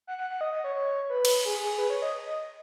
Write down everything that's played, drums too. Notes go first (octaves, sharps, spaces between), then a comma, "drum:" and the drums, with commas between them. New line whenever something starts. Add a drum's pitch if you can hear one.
F#5
F#5
F#5
D#5
D#5
C#5
C#5
B4
drum: cymbal
G#4
G#4
B4
C#5
D#5
D#5